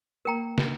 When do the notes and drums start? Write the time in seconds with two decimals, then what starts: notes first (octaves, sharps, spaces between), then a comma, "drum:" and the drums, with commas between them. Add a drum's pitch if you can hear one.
0.25 A#3 A#4 G5 A#5
0.58 drum: snare